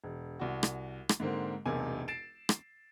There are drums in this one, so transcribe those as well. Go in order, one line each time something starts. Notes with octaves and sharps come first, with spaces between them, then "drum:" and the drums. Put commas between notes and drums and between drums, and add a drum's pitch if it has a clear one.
E1
C2 F#4
drum: rim click
drum: rim click
G#2 D3 A#3 C4
E1 B1 C3 A#3 G#5
A6 C7 D7 E7
drum: rim click